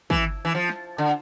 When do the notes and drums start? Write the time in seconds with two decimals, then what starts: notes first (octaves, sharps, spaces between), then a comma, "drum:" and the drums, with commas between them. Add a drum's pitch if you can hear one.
0.10 E3, drum: kick
0.45 E3
0.55 F3
0.69 drum: snare
0.98 D3